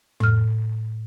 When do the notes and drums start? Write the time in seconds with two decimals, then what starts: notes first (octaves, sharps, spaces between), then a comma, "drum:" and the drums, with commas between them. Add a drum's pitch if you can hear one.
0.20 A2 F6, drum: tom F2